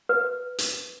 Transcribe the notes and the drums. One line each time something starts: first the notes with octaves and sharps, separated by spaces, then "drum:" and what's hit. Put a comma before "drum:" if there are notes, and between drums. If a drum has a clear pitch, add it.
B4
drum: hi-hat